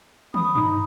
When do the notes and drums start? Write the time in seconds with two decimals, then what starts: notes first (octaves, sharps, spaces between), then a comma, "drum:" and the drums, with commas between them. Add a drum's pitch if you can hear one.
0.34 B5 D#6, drum: tom
0.55 D#4, drum: tom G2